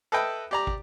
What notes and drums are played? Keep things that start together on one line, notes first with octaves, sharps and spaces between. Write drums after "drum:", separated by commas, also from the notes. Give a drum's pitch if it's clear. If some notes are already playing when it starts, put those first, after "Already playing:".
A4 B4 D#5 E5 G5
G4 D5 A#5
drum: kick